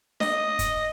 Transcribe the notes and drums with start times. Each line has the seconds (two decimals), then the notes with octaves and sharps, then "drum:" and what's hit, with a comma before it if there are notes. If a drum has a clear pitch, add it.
0.20 D#5, drum: snare D4
0.59 drum: kick, hi-hat